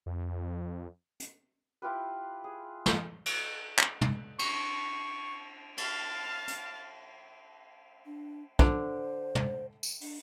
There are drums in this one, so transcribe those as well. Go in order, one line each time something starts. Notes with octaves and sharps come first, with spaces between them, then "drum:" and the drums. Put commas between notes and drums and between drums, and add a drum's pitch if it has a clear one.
F2
drum: hi-hat
E4 F4 G4 B4
G#4
drum: snare
drum: cymbal
drum: clap
drum: tom
C#6, drum: cymbal
F5 A5, drum: cymbal
drum: hi-hat
D4
D3 C5, drum: kick
drum: tom
drum: tambourine
D4, drum: open hi-hat